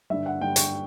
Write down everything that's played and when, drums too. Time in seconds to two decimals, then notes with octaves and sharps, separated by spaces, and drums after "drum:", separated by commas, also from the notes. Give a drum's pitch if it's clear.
0.10 G2 D3 G3 E5
0.26 F#5
0.41 G2 D3 G3 G5
0.56 C#6, drum: hi-hat